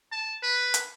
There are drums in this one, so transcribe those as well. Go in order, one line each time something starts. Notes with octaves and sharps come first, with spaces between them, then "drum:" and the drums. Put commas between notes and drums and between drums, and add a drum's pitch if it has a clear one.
A5
B4
drum: hi-hat